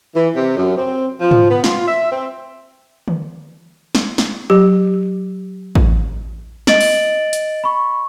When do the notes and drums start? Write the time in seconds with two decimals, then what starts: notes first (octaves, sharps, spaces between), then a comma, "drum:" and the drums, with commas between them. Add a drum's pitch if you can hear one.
0.15 E3
0.35 C3
0.56 F#2
0.77 C4
1.20 F3
1.31 drum: tom G#2
1.50 B3
1.64 F4, drum: snare
1.87 E5
2.11 C4
3.08 drum: tom D3
3.95 drum: snare
4.18 drum: snare
4.50 F#3 G4
5.75 drum: kick A1
6.67 D#5 A6 D7 F#7, drum: snare
6.81 drum: open hi-hat
7.33 drum: hi-hat
7.64 B5 C#6